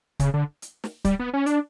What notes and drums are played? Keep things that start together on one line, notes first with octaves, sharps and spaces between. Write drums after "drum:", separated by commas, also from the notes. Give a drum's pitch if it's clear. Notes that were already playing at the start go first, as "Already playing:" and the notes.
C#3, drum: kick C#1, hi-hat
D3
drum: hi-hat
drum: snare
G3, drum: kick C#1, hi-hat
B3
C#4
D4, drum: hi-hat